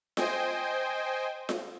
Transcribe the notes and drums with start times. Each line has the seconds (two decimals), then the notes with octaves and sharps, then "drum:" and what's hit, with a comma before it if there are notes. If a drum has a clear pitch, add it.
0.17 C5 D#5 G5 G#5, drum: snare F4
1.49 drum: snare F4